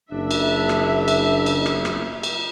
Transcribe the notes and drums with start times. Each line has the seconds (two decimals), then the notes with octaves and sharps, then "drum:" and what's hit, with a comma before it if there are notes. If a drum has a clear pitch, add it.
0.11 F#1 D4 E5
0.31 drum: cymbal
0.69 drum: rim click
1.08 drum: cymbal
1.46 drum: cymbal
1.66 drum: rim click
1.85 drum: rim click
2.23 drum: cymbal